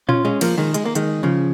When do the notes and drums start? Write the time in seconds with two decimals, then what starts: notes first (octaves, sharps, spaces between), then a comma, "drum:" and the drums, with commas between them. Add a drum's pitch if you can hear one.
0.09 C#4 F4, drum: tom A#2
0.25 G#3 C#4
0.41 F3 A#3, drum: cymbal
0.58 D#3 G#3
0.74 G#3, drum: hi-hat
0.85 A#3
0.95 D#3 G#3, drum: hi-hat
1.23 C#3 F3